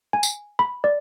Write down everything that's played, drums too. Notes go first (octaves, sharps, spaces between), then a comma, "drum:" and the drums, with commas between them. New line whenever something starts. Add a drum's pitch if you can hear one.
G#5
drum: tambourine
B5
D5